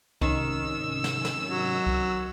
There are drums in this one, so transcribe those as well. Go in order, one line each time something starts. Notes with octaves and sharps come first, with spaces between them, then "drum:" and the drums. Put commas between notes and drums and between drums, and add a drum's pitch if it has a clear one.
G#2 C3 D#3 C#4 E6, drum: kick C2
drum: snare
drum: snare
F#3
drum: kick C2